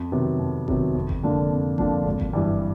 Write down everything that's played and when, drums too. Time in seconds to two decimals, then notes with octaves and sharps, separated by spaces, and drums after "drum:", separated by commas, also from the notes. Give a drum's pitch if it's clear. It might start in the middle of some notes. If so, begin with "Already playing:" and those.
Already playing: F2
0.12 C3 D#3 F#3 B3
0.39 F2
0.68 C3 D#3 F#3 B3, drum: kick G1
0.95 F2
1.09 drum: kick G1
1.23 D3 F3 A#3 D4
1.51 F2
1.78 D3 F3 A#3 D4, drum: kick G1
2.05 G#1
2.20 drum: kick G1
2.33 G2 E3 G3